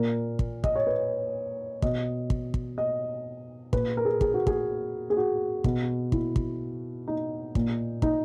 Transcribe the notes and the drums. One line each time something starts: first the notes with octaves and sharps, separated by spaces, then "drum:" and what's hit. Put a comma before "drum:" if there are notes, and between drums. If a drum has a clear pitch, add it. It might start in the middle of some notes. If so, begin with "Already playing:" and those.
Already playing: A#2 A#4
drum: kick
D#5, drum: kick
C#5
B4
B2 D#5, drum: kick
drum: kick
drum: kick
D#5
A#2 B4, drum: kick
A#4
G#4
G#4, drum: kick
F#4
G#4, drum: kick
G#4
F#4
B2, drum: kick
E4, drum: kick
drum: kick
D#4
A#2, drum: kick
D#4, drum: kick